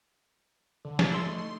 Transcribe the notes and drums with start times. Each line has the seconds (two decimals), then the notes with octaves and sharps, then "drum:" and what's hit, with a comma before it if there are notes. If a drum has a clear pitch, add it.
0.85 D3
0.99 A6, drum: snare
1.12 E4 A4 C6 E6
1.25 A3 D#4 C6
1.38 C6